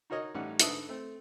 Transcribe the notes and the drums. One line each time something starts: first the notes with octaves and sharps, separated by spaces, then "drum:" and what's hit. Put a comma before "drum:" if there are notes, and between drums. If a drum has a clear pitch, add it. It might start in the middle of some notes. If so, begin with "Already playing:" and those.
D#4 F#4 A#4 C#5 D#5
A1 G3 C#4 D#4 F#5
G#2 D3 B4 E5 A5 D#6, drum: hi-hat
A3 C4